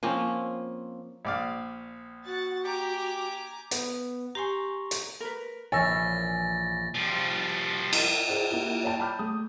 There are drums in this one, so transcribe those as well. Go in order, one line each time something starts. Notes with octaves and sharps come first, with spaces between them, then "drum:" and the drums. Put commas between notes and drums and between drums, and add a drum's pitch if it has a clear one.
F3 A#3 C4 C#4
A#1 D5 F5
F#4 F#5 A6
G4 G#5 A#5 D6
B3, drum: hi-hat
G4 G#5 A#5 C6 C#6
drum: hi-hat
A#4 B4
A#1 E3 C#5 G#5 E6 A6 A#6
F3 G3
drum: cymbal
G#4 C5 D5
A#3 E4 F4 G4
C#5 D5 G5 A5
A5 B5 D6 F6 G6
A3 D#6